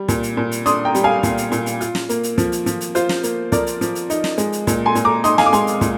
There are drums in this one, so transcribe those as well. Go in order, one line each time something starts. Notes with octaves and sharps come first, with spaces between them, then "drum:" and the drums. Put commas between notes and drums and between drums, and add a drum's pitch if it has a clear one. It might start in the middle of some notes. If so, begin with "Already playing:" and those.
Already playing: G3
A#2, drum: kick, hi-hat
drum: hi-hat
A#2
drum: hi-hat
D4 C6 D#6, drum: hi-hat
G5 A#5
G3, drum: hi-hat
F5 G#5
A#2, drum: kick, hi-hat
drum: hi-hat
A#2, drum: hi-hat
drum: hi-hat
F4, drum: hi-hat
drum: snare
A#3, drum: hi-hat
drum: hi-hat
F3, drum: kick, hi-hat
drum: hi-hat
F3, drum: hi-hat
drum: hi-hat
F4 C5, drum: hi-hat
drum: snare
A#3, drum: hi-hat
F3 A#4 D5, drum: kick, hi-hat
drum: hi-hat
F3, drum: hi-hat
drum: hi-hat
D#4, drum: hi-hat
drum: snare
G#3, drum: hi-hat
drum: hi-hat
A#2, drum: kick, hi-hat
G#5 C6
A#2, drum: hi-hat
A#5 D6
D#4 C6 D#6, drum: hi-hat
F5 G#5, drum: snare
D6
G#3 G#5 C6, drum: hi-hat
drum: hi-hat
A#2, drum: kick, hi-hat